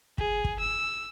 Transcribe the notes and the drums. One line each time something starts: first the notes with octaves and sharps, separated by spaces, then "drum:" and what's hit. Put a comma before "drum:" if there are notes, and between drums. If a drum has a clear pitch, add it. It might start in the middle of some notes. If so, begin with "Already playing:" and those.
G#4, drum: kick
drum: kick
E6